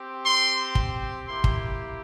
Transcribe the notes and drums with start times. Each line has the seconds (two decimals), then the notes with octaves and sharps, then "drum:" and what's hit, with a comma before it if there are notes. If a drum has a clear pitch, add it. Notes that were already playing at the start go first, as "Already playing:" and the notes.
Already playing: C4 G4
0.24 C6
0.75 drum: kick
1.27 A#3 E4 G4 C6
1.44 drum: kick